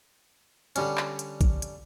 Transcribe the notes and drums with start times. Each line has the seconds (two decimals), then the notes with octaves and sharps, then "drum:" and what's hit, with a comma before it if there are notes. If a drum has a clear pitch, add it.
0.76 D3 G3 C#4, drum: hi-hat
0.97 drum: clap
1.19 drum: hi-hat
1.41 drum: kick, hi-hat
1.62 drum: hi-hat